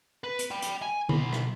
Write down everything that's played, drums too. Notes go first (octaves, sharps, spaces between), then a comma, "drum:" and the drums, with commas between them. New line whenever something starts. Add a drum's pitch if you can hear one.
B4
drum: hi-hat
G5 B5
drum: hi-hat
G#5
B1 B5, drum: tom D3
drum: rim click